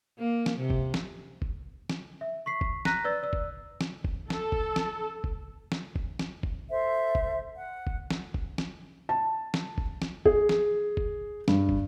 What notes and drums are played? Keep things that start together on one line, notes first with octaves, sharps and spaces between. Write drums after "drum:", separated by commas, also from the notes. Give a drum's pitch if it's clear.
A#3
drum: snare
C3
drum: kick
drum: snare
drum: kick
drum: snare
E5
C#6 B6 C7
drum: kick
A#5 F#6 A#6 B6 D#7, drum: snare
B4 D5 E6 A6
D5 E6
drum: kick
drum: snare
drum: kick
A4, drum: snare
drum: kick
drum: snare
drum: kick
drum: snare
drum: kick
drum: snare
drum: kick
A4 C5 E5
drum: kick
F#5
drum: kick
drum: snare
drum: kick
drum: snare
A5
drum: snare
drum: kick
drum: snare
G#4, drum: kick
drum: snare
drum: kick
G2, drum: snare
drum: kick